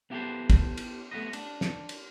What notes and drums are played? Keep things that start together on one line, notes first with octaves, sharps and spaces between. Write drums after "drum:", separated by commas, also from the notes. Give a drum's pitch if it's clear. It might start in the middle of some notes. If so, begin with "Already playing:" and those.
B3 E4 G4 A4 B4 C5
drum: kick, cymbal
drum: cymbal
A3 B3 B4 D#5
D4, drum: cymbal
drum: snare
drum: cymbal